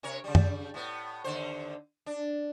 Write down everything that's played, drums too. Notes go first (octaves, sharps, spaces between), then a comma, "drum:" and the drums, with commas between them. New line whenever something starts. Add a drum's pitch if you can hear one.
C3 A#4 C#5
C#3 G3
drum: tom F#2
A2 B3
D#2 D3 C5
D4